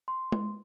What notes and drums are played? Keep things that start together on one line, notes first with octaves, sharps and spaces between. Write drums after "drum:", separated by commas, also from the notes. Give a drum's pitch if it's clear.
C6
drum: tom G#3